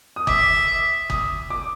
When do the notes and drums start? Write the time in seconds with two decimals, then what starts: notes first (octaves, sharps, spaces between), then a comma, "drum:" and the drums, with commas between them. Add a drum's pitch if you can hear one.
0.16 D#6
0.27 E5 D6, drum: kick
1.10 D#6, drum: kick
1.50 D6